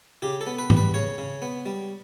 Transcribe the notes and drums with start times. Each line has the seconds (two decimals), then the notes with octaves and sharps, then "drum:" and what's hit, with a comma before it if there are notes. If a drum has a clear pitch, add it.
0.22 C#3 G4
0.41 A4
0.47 B3
0.58 B4
0.70 G3, drum: tom G#2
0.77 B4
0.94 C#3 C#5
1.18 C#3
1.42 B3
1.66 G3